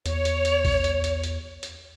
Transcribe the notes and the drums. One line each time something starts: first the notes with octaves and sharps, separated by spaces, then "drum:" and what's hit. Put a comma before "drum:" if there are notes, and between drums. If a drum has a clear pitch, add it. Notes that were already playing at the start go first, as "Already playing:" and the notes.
E2 C#5, drum: hi-hat
drum: hi-hat
drum: hi-hat
drum: kick A#1, open hi-hat
drum: hi-hat
drum: hi-hat
drum: hi-hat
drum: hi-hat